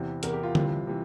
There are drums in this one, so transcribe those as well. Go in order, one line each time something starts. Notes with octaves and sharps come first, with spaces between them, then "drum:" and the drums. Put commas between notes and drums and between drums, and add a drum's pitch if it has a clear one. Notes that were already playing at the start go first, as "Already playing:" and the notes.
Already playing: E2 C3 E3
E2 C3 E3 A#4, drum: hi-hat
G4
F4
C2 C3 E3, drum: tom D3
C3 E3